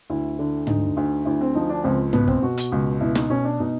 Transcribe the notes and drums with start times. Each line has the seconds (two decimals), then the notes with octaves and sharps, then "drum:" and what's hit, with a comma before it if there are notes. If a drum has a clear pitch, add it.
0.10 D2 E4
0.39 D3
0.67 D2 D#4, drum: tom
0.97 D2
1.25 D2 E4
1.41 C4
1.55 F3 D#4
1.70 D4
1.84 C#2 C4
2.13 B2 B3, drum: tom
2.28 C4, drum: kick
2.42 B2 F#4
2.57 drum: hi-hat
2.72 C#2
3.01 B2 E4
3.15 D#4, drum: snare
3.30 B2 C#4
3.45 D4
3.60 B2 D#4